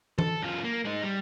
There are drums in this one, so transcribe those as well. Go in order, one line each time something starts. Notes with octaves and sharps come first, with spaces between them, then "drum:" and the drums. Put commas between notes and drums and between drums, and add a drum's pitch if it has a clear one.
A4, drum: tom E3
F#2 F4
A#3
G#3 D#4
G3